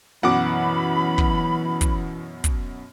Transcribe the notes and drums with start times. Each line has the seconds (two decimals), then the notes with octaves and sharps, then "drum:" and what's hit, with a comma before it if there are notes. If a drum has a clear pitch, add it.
0.23 F#2 B2 E3 F#4 F#5 B5 D6
1.18 drum: kick
1.81 drum: kick, hi-hat
2.44 drum: kick, hi-hat